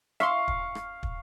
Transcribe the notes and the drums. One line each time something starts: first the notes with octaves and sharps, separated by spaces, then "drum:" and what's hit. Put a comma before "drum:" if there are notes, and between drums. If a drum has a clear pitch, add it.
E5 F5 C6 C#6, drum: rim click
drum: kick
drum: rim click
drum: kick